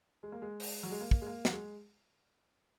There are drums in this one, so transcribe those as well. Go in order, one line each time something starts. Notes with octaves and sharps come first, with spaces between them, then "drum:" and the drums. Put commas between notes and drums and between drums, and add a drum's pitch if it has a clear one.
G#3
A#3
G#3
drum: open hi-hat
F#3
G#3
A#3
drum: kick
G#3
A#3
F#3, drum: snare
G#3